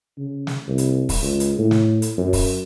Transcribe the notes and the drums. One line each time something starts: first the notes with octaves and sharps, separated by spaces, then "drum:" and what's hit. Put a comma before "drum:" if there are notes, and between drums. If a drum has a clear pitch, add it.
C#3
drum: snare
C2
drum: hi-hat
drum: kick, open hi-hat
C#2
drum: hi-hat
A2
drum: snare
drum: hi-hat
F#2
drum: kick, open hi-hat